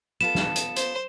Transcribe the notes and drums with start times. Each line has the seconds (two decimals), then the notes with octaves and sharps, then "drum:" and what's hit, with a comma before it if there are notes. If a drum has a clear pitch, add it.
0.21 B3 F4 A4 E7
0.35 drum: snare
0.56 drum: hi-hat
0.76 C5, drum: hi-hat